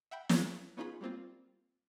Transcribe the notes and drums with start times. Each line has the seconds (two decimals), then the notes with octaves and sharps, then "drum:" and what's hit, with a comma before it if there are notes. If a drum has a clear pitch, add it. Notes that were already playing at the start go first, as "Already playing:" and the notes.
0.11 E5 F#5 G5 B5
0.29 G#4 C#5, drum: snare
0.77 B3 C#4 D#4 F4 G#4 B5
1.01 G3 A#3 C4 F4